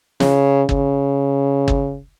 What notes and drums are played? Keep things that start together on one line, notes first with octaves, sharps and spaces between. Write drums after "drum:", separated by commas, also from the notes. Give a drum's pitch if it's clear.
C#3, drum: snare
C#3, drum: kick
drum: kick